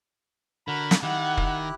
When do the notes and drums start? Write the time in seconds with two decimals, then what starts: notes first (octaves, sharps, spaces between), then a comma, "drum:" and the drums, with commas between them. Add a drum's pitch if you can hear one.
0.68 D3 F#4 A#4 B5
0.91 drum: snare
1.03 D#3 E4 G4 F#5 F#6
1.37 drum: kick